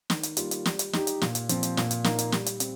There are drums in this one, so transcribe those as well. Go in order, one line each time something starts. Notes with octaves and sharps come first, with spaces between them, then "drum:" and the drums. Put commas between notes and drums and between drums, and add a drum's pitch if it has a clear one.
D#3, drum: snare
drum: hi-hat
G3 A#3 F4, drum: hi-hat
drum: hi-hat
G3, drum: snare
drum: hi-hat
D#4 G4, drum: snare
drum: hi-hat
A#2, drum: snare
drum: hi-hat
F3 C4, drum: hi-hat
drum: hi-hat
A#2, drum: snare
drum: hi-hat
A#3 D#4, drum: snare
drum: hi-hat
G3, drum: snare
drum: hi-hat
C4, drum: hi-hat